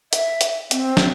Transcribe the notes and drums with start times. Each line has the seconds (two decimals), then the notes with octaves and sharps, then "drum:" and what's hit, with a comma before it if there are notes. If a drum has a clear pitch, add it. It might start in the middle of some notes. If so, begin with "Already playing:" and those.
0.13 E5, drum: hi-hat
0.41 drum: hi-hat
0.71 C4, drum: hi-hat
0.97 drum: snare